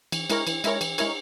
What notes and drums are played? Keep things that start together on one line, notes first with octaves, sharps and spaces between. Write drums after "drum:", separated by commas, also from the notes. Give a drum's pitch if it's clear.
E3, drum: cymbal
G#3 E4 A#4 C#5, drum: cymbal
E3, drum: cymbal
G#3 E4 A#4 C#5, drum: cymbal
E3, drum: cymbal
G#3 E4 A#4 C#5, drum: cymbal